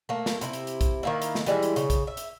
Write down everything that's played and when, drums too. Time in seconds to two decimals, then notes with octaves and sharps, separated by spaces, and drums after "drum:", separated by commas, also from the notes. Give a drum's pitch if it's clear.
0.09 A3 A#3
0.26 drum: snare
0.41 C3 E4, drum: hi-hat
0.53 drum: hi-hat
0.67 drum: hi-hat
0.81 drum: kick, hi-hat
1.03 D#3 A#3 E4
1.22 drum: hi-hat
1.35 drum: snare
1.46 E3 G3 G#3 E4, drum: hi-hat
1.63 drum: hi-hat
1.76 C#3, drum: hi-hat
1.90 drum: kick, hi-hat
2.07 E5
2.17 drum: hi-hat